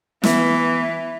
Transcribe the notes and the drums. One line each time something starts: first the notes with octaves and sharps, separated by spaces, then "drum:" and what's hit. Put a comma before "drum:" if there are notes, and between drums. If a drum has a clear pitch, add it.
E3 B3, drum: snare